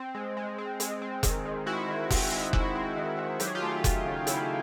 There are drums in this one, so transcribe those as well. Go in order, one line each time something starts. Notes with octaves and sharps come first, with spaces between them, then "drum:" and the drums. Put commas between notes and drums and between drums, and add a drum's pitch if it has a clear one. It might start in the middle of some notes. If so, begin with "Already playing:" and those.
Already playing: C4
G#3
G#3
C4
G#3, drum: hi-hat
C4
D#3, drum: kick F1, hi-hat
D#3
G#3 E4 F#4
D#3
C4, drum: kick F1, open hi-hat
G#3
G#3 E4 F#4, drum: kick F1
C4
D#3
D#3
F#3 G4, drum: hi-hat
G#4
F4 G4
A3
A3, drum: kick F1, hi-hat
C#3
C#3 E4, drum: hi-hat